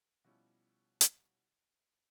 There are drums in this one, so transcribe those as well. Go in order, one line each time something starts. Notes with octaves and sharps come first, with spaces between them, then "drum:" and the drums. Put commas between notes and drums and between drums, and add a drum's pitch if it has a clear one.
B2 F3 G3 C#4 E4
drum: hi-hat